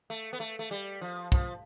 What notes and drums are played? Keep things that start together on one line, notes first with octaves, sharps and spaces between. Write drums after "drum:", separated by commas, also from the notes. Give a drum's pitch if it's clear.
A3
B3
A3
A3
G3
F3
F3, drum: kick